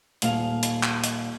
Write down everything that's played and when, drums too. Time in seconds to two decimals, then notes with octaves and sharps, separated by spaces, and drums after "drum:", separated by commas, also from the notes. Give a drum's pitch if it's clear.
0.22 D#1 F5 F7, drum: hi-hat
0.63 drum: hi-hat
0.83 drum: clap
1.04 drum: hi-hat